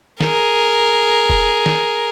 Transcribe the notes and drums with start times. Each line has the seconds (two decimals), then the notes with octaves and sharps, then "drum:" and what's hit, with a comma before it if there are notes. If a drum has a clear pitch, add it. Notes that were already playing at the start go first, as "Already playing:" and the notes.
0.20 G#4 A#4, drum: snare
1.30 drum: kick
1.66 drum: snare